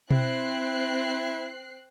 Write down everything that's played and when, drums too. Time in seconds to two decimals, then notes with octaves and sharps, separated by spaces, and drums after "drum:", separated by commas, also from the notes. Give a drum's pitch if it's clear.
0.11 C4 E4 F#6 C7, drum: tom B2